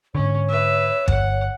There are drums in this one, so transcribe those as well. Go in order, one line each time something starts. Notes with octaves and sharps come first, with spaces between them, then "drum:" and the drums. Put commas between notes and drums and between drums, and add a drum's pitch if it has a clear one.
G#2 D3 C#4 C#5
B4 E5
G1 F#5, drum: kick